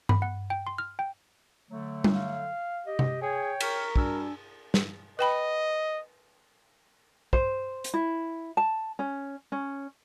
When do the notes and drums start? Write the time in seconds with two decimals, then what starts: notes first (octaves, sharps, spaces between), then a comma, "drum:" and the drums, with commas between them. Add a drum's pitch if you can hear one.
0.09 B5, drum: tom G2
0.22 F#5
0.50 G5
0.67 C6
0.78 F6
0.99 G5
1.71 D3 F#3 A3
2.04 drum: tom G3
2.15 F5
2.87 G4 D#5
2.99 drum: tom C3
3.22 G#4 C#5 G5
3.60 A#4 C#6 F6 B6, drum: cymbal
3.96 G3 D4 F#4 G#5 E6, drum: kick
4.74 drum: snare
5.19 B4 D#5 G5 B5
7.33 C5, drum: kick
7.84 drum: hi-hat
7.94 E4
8.57 A5
8.99 C#4
9.52 C#4